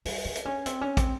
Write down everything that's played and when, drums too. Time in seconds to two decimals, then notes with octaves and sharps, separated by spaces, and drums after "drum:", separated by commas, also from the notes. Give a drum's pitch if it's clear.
0.05 G3, drum: open hi-hat
0.25 C4
0.35 drum: hi-hat
0.45 C#4
0.66 C4, drum: hi-hat
0.81 C#4
0.97 C4, drum: kick, hi-hat